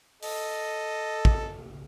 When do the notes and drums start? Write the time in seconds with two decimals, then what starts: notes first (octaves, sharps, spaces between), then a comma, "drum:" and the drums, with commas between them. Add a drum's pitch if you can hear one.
0.23 A4 D#5, drum: open hi-hat
1.25 drum: kick